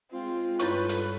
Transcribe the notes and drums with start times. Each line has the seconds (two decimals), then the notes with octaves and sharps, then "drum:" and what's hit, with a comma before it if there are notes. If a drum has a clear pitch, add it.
0.12 G#3 C4 F4
0.59 G2 E4 A4 B4 C#5 C#6, drum: hi-hat
0.89 drum: hi-hat